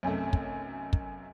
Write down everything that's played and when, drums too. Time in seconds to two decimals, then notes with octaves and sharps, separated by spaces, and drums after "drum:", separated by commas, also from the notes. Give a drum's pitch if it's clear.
0.03 B1 F#2 C3 A3
0.33 drum: kick
0.93 drum: kick